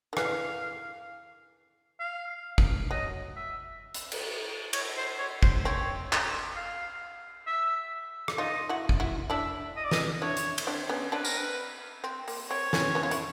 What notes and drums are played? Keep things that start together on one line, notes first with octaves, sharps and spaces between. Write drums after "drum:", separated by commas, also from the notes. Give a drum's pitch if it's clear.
D#3
E3 F5, drum: rim click
F5
drum: kick
F#3 D#5
E5
drum: hi-hat
drum: cymbal
C#5, drum: cymbal
C5
C#5
C5, drum: kick
C4 C#5
drum: clap
F5
E5
drum: rim click
D#4 F4 D#5
E4 F#4
drum: kick
E4 F#4
D4 E4 E5
D#5
D5
D#5, drum: snare
D4 E4 C#5
drum: hi-hat
drum: cymbal
C4 D4
B3 C#4
C4 D4 B4
A#4, drum: tambourine
B4
C4
A#3, drum: open hi-hat
C4 C#5
B3 C#4, drum: snare
B3 C#4
F4
E4, drum: hi-hat